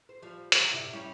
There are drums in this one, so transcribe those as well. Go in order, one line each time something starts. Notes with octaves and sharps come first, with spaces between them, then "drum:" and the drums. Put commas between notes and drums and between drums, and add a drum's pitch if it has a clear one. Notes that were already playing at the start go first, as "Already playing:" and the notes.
C5
F3 G3
D3 D#3 F#3, drum: hi-hat
G2 C3 E4
G3 C#4 E4